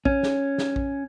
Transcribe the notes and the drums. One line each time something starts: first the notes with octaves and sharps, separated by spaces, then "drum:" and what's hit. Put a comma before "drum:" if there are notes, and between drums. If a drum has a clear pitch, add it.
C#4, drum: kick A#1
drum: snare
drum: snare
drum: kick A#1